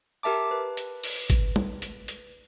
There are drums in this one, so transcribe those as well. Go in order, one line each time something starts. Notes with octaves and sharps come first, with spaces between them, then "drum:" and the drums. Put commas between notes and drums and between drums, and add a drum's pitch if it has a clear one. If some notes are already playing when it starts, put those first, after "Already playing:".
G4 A#4 E5 A5 D6
B4
drum: hi-hat
drum: open hi-hat
drum: kick, hi-hat
drum: tom
drum: hi-hat
drum: hi-hat